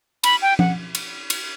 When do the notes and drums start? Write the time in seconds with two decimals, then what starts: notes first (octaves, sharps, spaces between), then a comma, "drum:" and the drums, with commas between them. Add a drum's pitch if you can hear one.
0.24 B5, drum: cymbal
0.42 G5
0.59 F#5, drum: tom F3
0.95 drum: cymbal
1.30 drum: cymbal